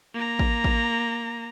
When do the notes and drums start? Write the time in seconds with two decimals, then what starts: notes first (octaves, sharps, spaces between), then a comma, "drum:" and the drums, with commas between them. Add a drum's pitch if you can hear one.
0.14 A#3 A#5
0.39 drum: kick A1
0.64 drum: kick A1